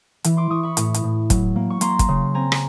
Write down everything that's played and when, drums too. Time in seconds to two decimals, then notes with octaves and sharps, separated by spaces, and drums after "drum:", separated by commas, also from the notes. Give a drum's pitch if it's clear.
0.24 E3, drum: hi-hat
0.37 C6 D6
0.50 E3 C#6 D#6
0.63 B5 C#6
0.77 A2, drum: hi-hat
0.94 drum: hi-hat
1.04 A2
1.30 F#3, drum: kick, hi-hat
1.56 A#3
1.70 C#6
1.81 A#3 A#5 C6, drum: hi-hat
1.99 drum: kick, hi-hat
2.08 C#3
2.34 C4 G#5 A#5
2.52 drum: rim click